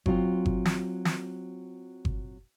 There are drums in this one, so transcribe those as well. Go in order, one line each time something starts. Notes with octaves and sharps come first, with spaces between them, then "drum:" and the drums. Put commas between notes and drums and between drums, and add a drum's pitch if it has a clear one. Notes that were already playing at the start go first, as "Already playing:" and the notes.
F#3 C4 F4, drum: kick G1
drum: kick G1
drum: snare
drum: snare
drum: kick G1